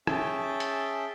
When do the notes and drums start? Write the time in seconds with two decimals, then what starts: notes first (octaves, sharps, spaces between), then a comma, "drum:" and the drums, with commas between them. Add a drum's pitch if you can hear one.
0.07 C#4 G#4 E5 G5 A5, drum: rim click
0.60 drum: hi-hat